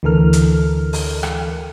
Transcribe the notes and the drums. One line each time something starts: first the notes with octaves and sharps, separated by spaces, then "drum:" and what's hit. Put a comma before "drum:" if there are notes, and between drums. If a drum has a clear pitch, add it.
D2 D3 E3 A4 A#4 F6
drum: hi-hat
drum: open hi-hat
drum: rim click